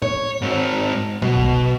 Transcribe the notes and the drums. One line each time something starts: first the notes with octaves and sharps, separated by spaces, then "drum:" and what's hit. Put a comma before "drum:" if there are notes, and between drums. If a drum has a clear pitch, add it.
C#5, drum: tom A2
G#2 C4
B2, drum: tom F#3
drum: kick A#1